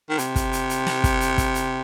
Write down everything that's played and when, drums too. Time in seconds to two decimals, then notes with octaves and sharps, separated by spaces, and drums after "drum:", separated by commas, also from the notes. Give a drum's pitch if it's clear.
0.10 D#3
0.18 C3, drum: hi-hat
0.36 drum: kick, hi-hat
0.53 drum: hi-hat
0.70 drum: hi-hat
0.87 drum: snare
1.04 drum: kick, hi-hat
1.21 drum: hi-hat
1.38 drum: kick, hi-hat
1.55 drum: hi-hat